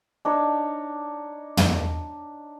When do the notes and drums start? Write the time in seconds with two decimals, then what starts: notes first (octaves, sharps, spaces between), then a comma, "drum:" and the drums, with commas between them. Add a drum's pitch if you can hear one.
0.25 D4 D#4 C#5
1.57 drum: tom